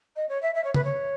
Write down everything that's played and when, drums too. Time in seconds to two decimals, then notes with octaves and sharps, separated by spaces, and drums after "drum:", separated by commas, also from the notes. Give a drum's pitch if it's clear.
0.16 D#5
0.29 C#5
0.42 E5
0.55 E5
0.64 C#5
0.74 B4, drum: tom C#3
0.84 C#5